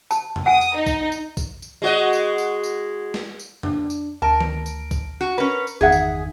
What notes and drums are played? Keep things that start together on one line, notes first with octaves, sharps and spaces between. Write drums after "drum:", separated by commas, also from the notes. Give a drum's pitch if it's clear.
A5, drum: tambourine
drum: tom F2
F#5 G#5 D#6
drum: tambourine
D#4
drum: kick, tambourine
drum: tambourine
drum: kick, tambourine
drum: tambourine
G#3 F#4 D#5
drum: tambourine
drum: tambourine
drum: tambourine
drum: snare
drum: tambourine
D4, drum: tom F2
drum: tambourine
D2 A#4 A5 D7
drum: tom D#3
drum: tambourine
drum: kick, tambourine
F#4
C#4 A#4 B4 B5
drum: tambourine
G1 E2 D#3 D#4 G#4 E5 F#5
drum: tambourine